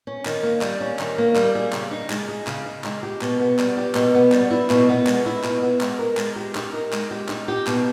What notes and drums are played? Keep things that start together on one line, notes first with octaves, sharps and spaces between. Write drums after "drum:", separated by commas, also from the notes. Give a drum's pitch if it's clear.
C#4
D#3, drum: clap
A#3
G3, drum: clap
C#4
D#3, drum: clap
A#3
G3, drum: clap
G#4
C#3, drum: clap
D#4
G#3, drum: clap
G#4
C#3, drum: clap
D#4
G#3, drum: clap
G4
B2, drum: clap
B3
G3, drum: clap
G4
B2, drum: clap
B3
G3, drum: clap
E4
B2, drum: clap
B3
G#3, drum: clap
E4
B2, drum: clap
B3
G#3, drum: clap
A#4
G#3, drum: clap
G4
D#4, drum: clap
A#4
G#3, drum: clap
G4
D#4, drum: clap
G4
B2, drum: clap